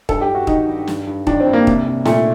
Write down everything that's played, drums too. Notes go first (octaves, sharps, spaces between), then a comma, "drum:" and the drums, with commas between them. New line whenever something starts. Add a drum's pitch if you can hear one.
G2 A4, drum: kick
G4
G2
F#4
D#3 D#4, drum: kick
G2
G2, drum: snare
G2
D#3 D4, drum: kick
C4
G2
A#3
C2, drum: kick
C2
A#2 A3, drum: snare